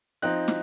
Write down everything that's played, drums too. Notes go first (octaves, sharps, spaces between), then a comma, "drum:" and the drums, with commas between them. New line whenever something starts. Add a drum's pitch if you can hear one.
F3 C4 D#4 F#6, drum: hi-hat
drum: snare